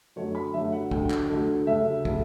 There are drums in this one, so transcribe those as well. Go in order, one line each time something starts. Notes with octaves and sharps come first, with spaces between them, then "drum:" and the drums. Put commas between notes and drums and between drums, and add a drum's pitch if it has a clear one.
F#2 D3 F#3 A3 C#5
B5
F#2 D3 F#3 A3 E5
F#5
D2 D3 F#3 A3 G5, drum: kick
drum: clap
D2 D3 F#3 A3
D2 C#3 F#3 A3 E5
C#3 F#3 A3, drum: kick